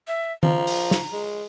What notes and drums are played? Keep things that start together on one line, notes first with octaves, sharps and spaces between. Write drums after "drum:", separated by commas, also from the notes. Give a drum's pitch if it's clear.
E5
F3 A#5, drum: tom D#3
drum: open hi-hat
drum: snare
G#3